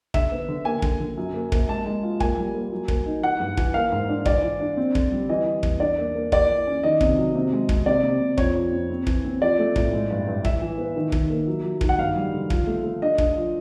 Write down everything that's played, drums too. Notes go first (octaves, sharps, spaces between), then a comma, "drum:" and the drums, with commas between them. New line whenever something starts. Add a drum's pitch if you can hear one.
D3 E5, drum: kick
B3
D3
A#3 G#5
D3, drum: kick
D3
F#2
A#3
A#3, drum: kick
G#3 A5
G#3
F4
A#3 G#5, drum: kick
G3
A#3
F#3
A#3, drum: kick
D#4
E3 F#5
G2
E3, drum: kick
A#3 F5
G#2
D4
E3 D5, drum: kick
E3
D4
C4
D3, drum: kick
G3
E3 D#5
E3
E2, drum: kick
D4 D5
A#3
A#3
E3 D5, drum: kick
E3
C#4
D#3 D#5
C3, drum: kick
F#3
C3
G#3
C4, drum: kick
C3 D5
C3
C3
F2 C#5, drum: kick
F3
F2
C4
E3, drum: kick
C4
F3 D5
A3
A2, drum: kick
G#3
G2
G2
E3 E5, drum: kick
E3
B3
D#3
D#3, drum: kick
A#3
F#3
F#3
D#3, drum: kick
F#5
G2 F5
G3
D3
F3, drum: kick
A3
A3
D4 D#5
D4, drum: kick
F3